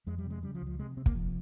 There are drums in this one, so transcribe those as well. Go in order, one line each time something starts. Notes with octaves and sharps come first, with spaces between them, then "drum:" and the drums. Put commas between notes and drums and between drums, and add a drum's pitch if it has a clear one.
F2 G#3
G3
C3
G#3
C#3 G3
F3
C#2
F3
C3 G#3
C3 C4
A#3, drum: kick
C3 F3